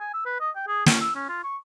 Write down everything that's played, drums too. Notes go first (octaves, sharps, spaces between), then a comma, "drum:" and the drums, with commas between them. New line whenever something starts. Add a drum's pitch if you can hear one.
G#5
E6
B4
D#5
G5
G#4
C#4, drum: snare
E6
C#4
F4
C#6